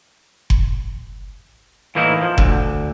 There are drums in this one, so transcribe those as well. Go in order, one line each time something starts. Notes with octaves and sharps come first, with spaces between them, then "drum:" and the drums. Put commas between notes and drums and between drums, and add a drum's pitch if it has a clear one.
drum: kick F#1
A2 E3 A#3 D#4 E4
F3
D2 D3, drum: kick F#1